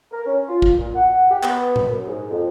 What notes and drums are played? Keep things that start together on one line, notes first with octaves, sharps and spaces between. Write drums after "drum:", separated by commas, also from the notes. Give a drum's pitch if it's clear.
A#4
C#4
F4
drum: kick
A#2
F#5
G4
B3, drum: clap
drum: tom A#2
F#2
G#2
F2